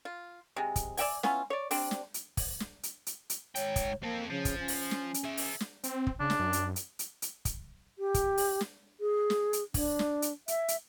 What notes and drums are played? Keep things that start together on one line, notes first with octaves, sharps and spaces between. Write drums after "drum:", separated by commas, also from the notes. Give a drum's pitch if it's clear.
F4
C3 G#3
drum: kick, hi-hat
D5 E5 G5 G#5, drum: open hi-hat
B3 C#4 E4 F4, drum: snare
C#5 D5
G3 C4 D4, drum: open hi-hat
drum: snare
drum: hi-hat
drum: kick, open hi-hat
drum: snare
drum: hi-hat
drum: hi-hat
drum: hi-hat
G#2 C#5 G5, drum: hi-hat
drum: kick, hi-hat
A#3 C4 A4
C#3 F3
drum: kick, hi-hat
C#4
drum: open hi-hat
drum: snare
drum: hi-hat
G#4 E5
drum: open hi-hat
drum: snare
C4, drum: hi-hat
drum: kick
C#3 D4
drum: snare
F#2
drum: hi-hat
drum: hi-hat
drum: hi-hat
drum: hi-hat
drum: kick, hi-hat
G4
drum: kick, hi-hat
drum: open hi-hat
drum: snare
G#4
drum: snare
drum: hi-hat
D4, drum: kick, open hi-hat
drum: snare
drum: hi-hat
E5, drum: hi-hat
drum: hi-hat